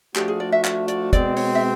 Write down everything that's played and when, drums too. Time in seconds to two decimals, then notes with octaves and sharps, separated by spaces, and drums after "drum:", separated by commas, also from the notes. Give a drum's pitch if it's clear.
0.16 F3 A3 D4 F#4 G4, drum: clap
0.28 G#4
0.40 D5
0.52 E5
0.65 E5, drum: clap
0.88 D5, drum: hi-hat
1.13 B2 G#3 C4 D5, drum: kick, hi-hat
1.37 C#5, drum: open hi-hat
1.55 E5